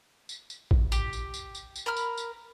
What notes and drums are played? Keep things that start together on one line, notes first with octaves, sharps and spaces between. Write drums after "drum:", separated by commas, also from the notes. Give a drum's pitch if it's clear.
drum: tambourine
drum: tambourine
drum: kick
G4, drum: tambourine
drum: tambourine
drum: tambourine
drum: tambourine
drum: tambourine
A#4 B5 F6
drum: tambourine
drum: tambourine